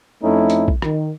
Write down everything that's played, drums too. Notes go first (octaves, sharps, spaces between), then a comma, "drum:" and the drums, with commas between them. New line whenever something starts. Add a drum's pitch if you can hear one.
F2 A3 C#4 D#4 E4
drum: hi-hat
drum: kick A#1
D#3, drum: rim click